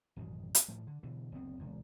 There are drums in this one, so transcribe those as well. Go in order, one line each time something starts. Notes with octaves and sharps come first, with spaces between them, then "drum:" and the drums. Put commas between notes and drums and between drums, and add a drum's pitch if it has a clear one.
A1 F#2 B2 D#3
drum: hi-hat
A2 F3 A3
D3
B2 D3 E3
F#1 D2 B3 C4
E1 C#2 A#2